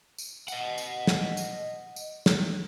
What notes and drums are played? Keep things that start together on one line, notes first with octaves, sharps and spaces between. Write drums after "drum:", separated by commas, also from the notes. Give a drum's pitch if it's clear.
drum: tambourine
D#5 F#5, drum: tambourine
drum: tambourine
drum: snare
drum: tambourine
drum: tambourine
drum: snare